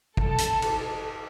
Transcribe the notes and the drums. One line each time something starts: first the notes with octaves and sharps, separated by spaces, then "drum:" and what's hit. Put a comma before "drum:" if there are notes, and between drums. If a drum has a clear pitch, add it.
A4, drum: kick
drum: hi-hat
drum: cymbal